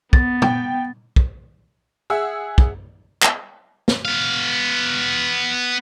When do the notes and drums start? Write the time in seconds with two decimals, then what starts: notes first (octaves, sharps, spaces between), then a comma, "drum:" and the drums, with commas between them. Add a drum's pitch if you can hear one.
0.13 B3 A6, drum: kick
0.42 G5, drum: tom
1.16 drum: kick
2.10 G#4 E5 F#5 E6
2.58 drum: kick
3.22 drum: clap
3.88 drum: snare
4.05 B3 F5